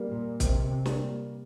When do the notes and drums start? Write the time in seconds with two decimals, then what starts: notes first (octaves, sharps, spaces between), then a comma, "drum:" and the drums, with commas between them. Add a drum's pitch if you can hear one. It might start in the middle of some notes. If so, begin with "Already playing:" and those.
Already playing: G3 A#3
0.09 A#2
0.40 C3 D#3, drum: kick, hi-hat
0.86 G3, drum: snare
0.91 A#3